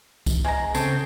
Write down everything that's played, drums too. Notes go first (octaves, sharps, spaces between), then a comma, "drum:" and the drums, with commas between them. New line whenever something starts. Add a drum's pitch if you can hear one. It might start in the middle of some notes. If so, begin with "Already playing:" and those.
drum: kick C2, tambourine
G#3 A#5
C#3 C4 A4, drum: tambourine